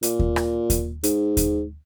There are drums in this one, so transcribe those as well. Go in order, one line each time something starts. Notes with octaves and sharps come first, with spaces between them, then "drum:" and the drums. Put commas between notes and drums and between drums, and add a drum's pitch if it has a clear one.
A#2, drum: hi-hat
drum: kick D#2
drum: rim click
drum: kick D#2, hi-hat
G#2, drum: hi-hat
drum: kick D#2, hi-hat